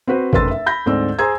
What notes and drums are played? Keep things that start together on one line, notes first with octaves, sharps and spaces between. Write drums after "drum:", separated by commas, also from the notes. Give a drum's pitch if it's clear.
C4 F#4 B4 C5
F1 F#2 B4 C6 E6 A6, drum: kick G1
E5
B5 G6 A#6
D2 G#2 C4 D5 E6
G#4 C5 A#5 C6 E6 G#6